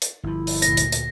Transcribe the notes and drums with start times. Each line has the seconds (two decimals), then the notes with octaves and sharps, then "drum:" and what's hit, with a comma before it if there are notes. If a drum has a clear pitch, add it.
0.02 drum: hi-hat
0.23 G1 F3 E4
0.47 drum: open hi-hat
0.62 D2 A#2 A#6, drum: hi-hat
0.77 drum: hi-hat
0.92 drum: hi-hat